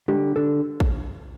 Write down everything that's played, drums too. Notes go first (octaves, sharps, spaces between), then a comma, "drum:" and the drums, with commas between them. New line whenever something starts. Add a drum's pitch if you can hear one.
D3 G4, drum: tom G3
D3 A4
drum: kick